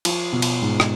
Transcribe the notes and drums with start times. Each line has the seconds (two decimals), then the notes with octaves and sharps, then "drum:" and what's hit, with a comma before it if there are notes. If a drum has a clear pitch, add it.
0.05 F3, drum: cymbal
0.33 B2
0.42 drum: cymbal
0.62 G#2
0.80 drum: rim click